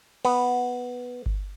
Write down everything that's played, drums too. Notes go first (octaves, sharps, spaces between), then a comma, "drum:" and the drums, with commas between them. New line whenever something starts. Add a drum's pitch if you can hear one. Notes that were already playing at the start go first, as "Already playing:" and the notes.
B3, drum: cymbal
drum: kick G1